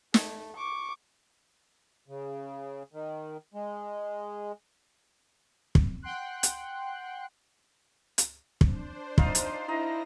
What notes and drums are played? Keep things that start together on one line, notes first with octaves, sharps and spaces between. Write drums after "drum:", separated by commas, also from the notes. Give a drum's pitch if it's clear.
A3, drum: snare
C#6 D6
C#3
D#3
G#3
drum: kick
F#5 G5 C6 F#6
drum: hi-hat
drum: hi-hat
D4 C5, drum: kick
D#4 F4 F5, drum: kick
drum: hi-hat
E4 D#5 A#5 A#6